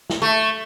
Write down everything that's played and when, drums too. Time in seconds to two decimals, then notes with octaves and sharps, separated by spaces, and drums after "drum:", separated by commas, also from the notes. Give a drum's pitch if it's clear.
0.10 drum: snare
0.22 A3